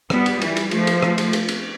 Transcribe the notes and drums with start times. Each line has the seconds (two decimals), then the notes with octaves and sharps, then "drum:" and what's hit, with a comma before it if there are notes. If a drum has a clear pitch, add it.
0.10 G3 B3, drum: rim click
0.26 drum: cymbal
0.42 E3 G3, drum: cymbal
0.57 drum: cymbal
0.71 F3 A3, drum: cymbal
0.87 drum: cymbal
1.03 drum: rim click
1.18 drum: cymbal
1.33 drum: cymbal
1.48 drum: cymbal